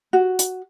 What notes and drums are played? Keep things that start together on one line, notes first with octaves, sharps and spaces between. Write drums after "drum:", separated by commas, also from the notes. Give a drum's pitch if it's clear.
F#4
drum: hi-hat